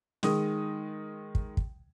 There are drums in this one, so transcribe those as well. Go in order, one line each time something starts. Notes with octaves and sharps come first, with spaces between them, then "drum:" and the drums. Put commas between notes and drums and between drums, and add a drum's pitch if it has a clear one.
D#3 G#3 D#6, drum: snare
drum: kick
drum: kick